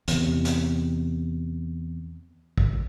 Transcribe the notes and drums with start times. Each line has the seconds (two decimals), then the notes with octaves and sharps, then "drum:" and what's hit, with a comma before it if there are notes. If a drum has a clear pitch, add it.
0.08 E2 C3, drum: hi-hat
0.45 drum: hi-hat
2.58 drum: kick